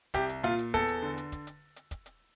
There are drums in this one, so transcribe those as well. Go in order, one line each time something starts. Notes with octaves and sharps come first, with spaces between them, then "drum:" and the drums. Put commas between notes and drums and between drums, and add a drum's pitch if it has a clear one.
C2 G4, drum: kick, hi-hat
drum: hi-hat
A#2 F4
drum: hi-hat
E2 A4, drum: kick, hi-hat
drum: hi-hat
D3
drum: hi-hat
drum: kick, hi-hat
drum: hi-hat
drum: hi-hat
drum: kick, hi-hat
drum: hi-hat